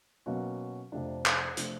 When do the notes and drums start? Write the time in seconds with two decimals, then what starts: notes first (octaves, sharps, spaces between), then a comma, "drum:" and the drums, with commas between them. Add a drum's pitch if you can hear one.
0.26 B2 F#3 A#3 C#4 F#4
0.92 F2 C3 F3 A3 D4
1.26 drum: clap
1.57 C3 F3 A3 D4, drum: hi-hat